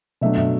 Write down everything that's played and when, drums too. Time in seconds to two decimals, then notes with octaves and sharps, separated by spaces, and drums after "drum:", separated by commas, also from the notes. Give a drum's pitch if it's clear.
0.21 B2 F#3 A3 D4 E5
0.38 E5, drum: tom